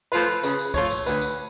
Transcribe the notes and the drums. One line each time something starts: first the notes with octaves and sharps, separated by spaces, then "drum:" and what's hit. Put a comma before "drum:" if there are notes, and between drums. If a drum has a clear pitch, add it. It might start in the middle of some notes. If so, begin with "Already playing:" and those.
F3 A3 F4 B4
C#3 B4, drum: tambourine
drum: tambourine
F3 A3 F4 C#5, drum: kick C2, tambourine
drum: tambourine
D2 B4, drum: tambourine
drum: tambourine